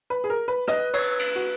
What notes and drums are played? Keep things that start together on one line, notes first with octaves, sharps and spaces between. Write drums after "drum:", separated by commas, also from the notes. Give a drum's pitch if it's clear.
B4
G#4
A#4
B4
B4 D#5, drum: rim click
C#5, drum: cymbal
drum: cymbal
F#4